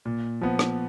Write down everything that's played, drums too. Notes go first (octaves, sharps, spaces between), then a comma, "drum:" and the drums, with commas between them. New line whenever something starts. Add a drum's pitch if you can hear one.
A#2
F3 B3
drum: rim click